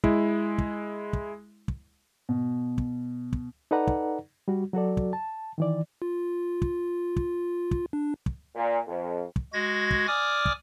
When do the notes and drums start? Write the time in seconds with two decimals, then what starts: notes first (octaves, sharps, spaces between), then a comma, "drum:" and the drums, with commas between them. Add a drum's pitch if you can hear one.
0.04 G#3 E4, drum: kick
0.58 drum: kick
1.13 drum: kick
1.68 drum: kick
2.29 B2
2.78 drum: kick
3.33 drum: kick
3.71 D#4 A4 B4 D5 F#5 A#5
3.87 drum: kick
4.48 G3 F#4
4.73 F#3 F#4 A4 D5
4.97 drum: kick
5.13 A5
5.58 D#3 E3 D5
6.02 F4
6.62 drum: kick
7.16 drum: kick
7.71 drum: kick
7.93 D4
8.26 drum: kick
8.55 A#2
8.87 F2
9.36 drum: kick
9.53 G#3 F#4 G#6 A#6
9.91 drum: kick
10.08 D5 G#5 D6 D#6 F6
10.45 drum: kick